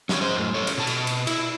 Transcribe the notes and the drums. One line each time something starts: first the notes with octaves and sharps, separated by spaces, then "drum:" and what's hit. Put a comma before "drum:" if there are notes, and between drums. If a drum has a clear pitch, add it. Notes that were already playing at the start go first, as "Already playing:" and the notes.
C#4 D4 G4 C#5, drum: snare
G#4 C5
F#2 A2
C#4 A4 C#5
drum: cymbal
B2 A5
drum: cymbal
drum: cymbal
E4, drum: cymbal